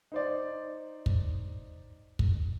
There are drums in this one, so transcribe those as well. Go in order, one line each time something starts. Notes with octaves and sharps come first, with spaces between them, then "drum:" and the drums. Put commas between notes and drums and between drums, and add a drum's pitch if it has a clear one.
D#4 C5 D5
drum: kick
drum: kick